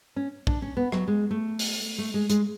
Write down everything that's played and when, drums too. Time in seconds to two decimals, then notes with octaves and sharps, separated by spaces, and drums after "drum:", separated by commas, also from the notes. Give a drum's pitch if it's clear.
0.16 C#4
0.47 D4, drum: kick
0.62 C#4
0.77 B3
0.92 F#3, drum: rim click
1.08 G#3
1.31 A3
1.59 drum: open hi-hat
1.98 A3
2.14 G#3
2.30 G#3, drum: hi-hat